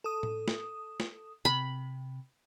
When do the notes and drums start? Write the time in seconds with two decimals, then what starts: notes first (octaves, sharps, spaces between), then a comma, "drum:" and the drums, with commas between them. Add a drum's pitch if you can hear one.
0.04 A4 D#6
0.23 drum: tom A2
0.48 drum: snare
1.00 drum: snare
1.45 C3 B5